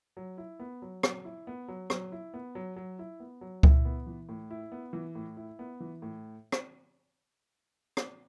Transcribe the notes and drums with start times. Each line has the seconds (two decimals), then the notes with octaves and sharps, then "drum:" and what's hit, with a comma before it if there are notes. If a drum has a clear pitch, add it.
0.17 F#3
0.38 E4
0.60 B3
0.82 F#3
1.03 F#3, drum: rim click
1.25 E4
1.47 B3
1.68 F#3
1.90 F#3, drum: rim click
2.12 E4
2.34 B3
2.55 F#3
2.76 F#3
2.99 E4
3.20 B3
3.41 F#3
3.63 E4, drum: kick C#2
3.85 B3
4.07 E3
4.29 A2
4.51 E4
4.72 B3
4.93 E3
5.15 A2
5.37 E4
5.59 B3
5.80 E3
6.02 A2
6.52 drum: rim click
7.97 drum: rim click